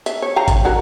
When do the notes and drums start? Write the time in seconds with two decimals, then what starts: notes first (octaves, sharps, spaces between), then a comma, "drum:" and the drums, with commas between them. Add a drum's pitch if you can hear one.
0.06 E5, drum: hi-hat
0.22 C#5
0.36 F5 G5 A#5
0.48 drum: kick, hi-hat
0.65 F#3 F#4 A#4